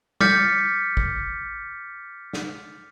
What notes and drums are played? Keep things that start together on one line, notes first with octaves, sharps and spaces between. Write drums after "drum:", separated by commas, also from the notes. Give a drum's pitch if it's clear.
D6 F6 G6 A6 B6 C#7, drum: tom G3
drum: kick
drum: snare